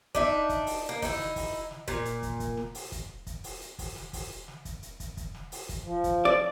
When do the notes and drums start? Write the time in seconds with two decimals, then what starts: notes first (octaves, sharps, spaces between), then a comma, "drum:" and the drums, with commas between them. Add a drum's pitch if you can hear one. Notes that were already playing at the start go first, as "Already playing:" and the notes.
0.15 D4 D#4 E5, drum: kick
0.49 drum: kick, hi-hat
0.67 drum: open hi-hat
0.89 A#3
1.02 D#4 E4, drum: kick, open hi-hat
1.19 drum: snare
1.36 drum: kick, open hi-hat
1.71 drum: snare
1.88 A#2, drum: kick, hi-hat
2.05 drum: hi-hat
2.23 drum: kick, hi-hat
2.40 drum: kick, hi-hat
2.57 drum: snare
2.75 drum: open hi-hat
2.92 drum: kick, hi-hat
3.27 drum: kick, hi-hat
3.44 drum: open hi-hat
3.61 drum: hi-hat
3.79 drum: kick, open hi-hat
3.96 drum: snare
4.13 drum: kick, open hi-hat
4.48 drum: snare
4.65 drum: kick, hi-hat
4.83 drum: hi-hat
5.00 drum: kick, hi-hat
5.17 drum: kick, hi-hat
5.34 drum: snare
5.52 drum: open hi-hat
5.69 drum: kick, hi-hat
5.83 F3
6.04 drum: kick, hi-hat
6.25 D5